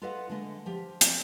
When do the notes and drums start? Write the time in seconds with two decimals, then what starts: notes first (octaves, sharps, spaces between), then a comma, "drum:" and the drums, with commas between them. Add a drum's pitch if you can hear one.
0.02 F4 A4 B4 D#5 F5 F#5
0.29 D3 G#3 A3 D#5
0.66 F3 G4
1.01 drum: hi-hat